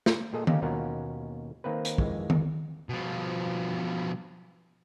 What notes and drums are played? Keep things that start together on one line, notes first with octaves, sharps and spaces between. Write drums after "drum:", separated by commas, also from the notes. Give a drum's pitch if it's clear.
drum: snare
A#2 G#4 A4 D#5
A#3 C#4 D#4 G4 F5, drum: tom D#3
D#2 B2 C#4 F4 A#4 F#5
D#3 A#3 C4 B4
drum: hi-hat
F2 D#3 E3 G#3, drum: kick
drum: tom D#3
B2 F3